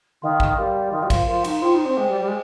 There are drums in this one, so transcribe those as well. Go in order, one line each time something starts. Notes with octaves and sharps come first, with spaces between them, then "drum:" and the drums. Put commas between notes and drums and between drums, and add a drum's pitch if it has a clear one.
D#3 A#4 F5 C6
drum: kick A1
G3 A#4 F5 C6
D#3 A#4 F5 C6
G3
F3, drum: kick A1, cymbal
F3 A#4 F5 C6
D#4, drum: cymbal
F4 C5 G5 D6
D#4
C4
G#3 C5 G5 D6
G3
G3
G#3